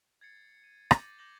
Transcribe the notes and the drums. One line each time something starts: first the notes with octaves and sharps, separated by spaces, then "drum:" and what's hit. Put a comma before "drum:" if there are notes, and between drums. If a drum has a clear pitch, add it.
G#6 A6 C7 C#7
D#7
D6 G6 A6 A#6 D#7 F#7, drum: rim click
D6 G6 A#6 F#7 G7